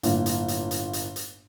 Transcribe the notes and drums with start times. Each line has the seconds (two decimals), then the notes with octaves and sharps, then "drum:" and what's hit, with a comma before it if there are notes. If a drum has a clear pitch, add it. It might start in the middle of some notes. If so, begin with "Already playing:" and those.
0.03 G1 A2 A#3, drum: hi-hat
0.26 drum: hi-hat
0.48 drum: hi-hat
0.71 drum: hi-hat
0.93 drum: hi-hat
1.16 drum: hi-hat